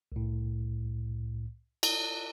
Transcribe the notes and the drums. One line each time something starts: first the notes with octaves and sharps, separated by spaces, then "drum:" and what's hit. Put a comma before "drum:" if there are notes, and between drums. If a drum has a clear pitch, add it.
C2 A2
drum: cymbal